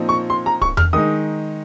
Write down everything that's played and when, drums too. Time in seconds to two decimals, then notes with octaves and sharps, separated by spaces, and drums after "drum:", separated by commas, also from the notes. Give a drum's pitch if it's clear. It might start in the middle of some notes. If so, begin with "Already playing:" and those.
Already playing: A#2 F3 C4 D#4
0.09 C#6
0.30 C6
0.46 A#5
0.62 C#6, drum: kick
0.77 F6, drum: tom E2
0.93 D#3 G#3 D#4 D#6